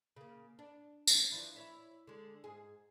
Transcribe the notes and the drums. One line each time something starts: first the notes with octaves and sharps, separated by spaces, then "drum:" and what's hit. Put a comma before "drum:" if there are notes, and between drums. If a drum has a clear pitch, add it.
C#3 A#3
D4
drum: tambourine
E3 F3 D4
E4 C#5 E5
D3 G#3
G#2 G#4